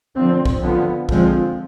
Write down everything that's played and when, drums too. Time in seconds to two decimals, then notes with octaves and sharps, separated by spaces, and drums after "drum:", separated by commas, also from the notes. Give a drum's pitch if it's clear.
0.16 D3 F3 C4
0.45 drum: kick B1
0.62 D3 F3 B3
1.09 D3 F3 G#3 C4, drum: kick B1